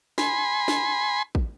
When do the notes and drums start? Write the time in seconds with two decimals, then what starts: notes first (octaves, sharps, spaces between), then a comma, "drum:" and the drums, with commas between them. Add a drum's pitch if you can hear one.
0.18 G#5 B5 C6, drum: snare
0.68 drum: snare
1.35 drum: kick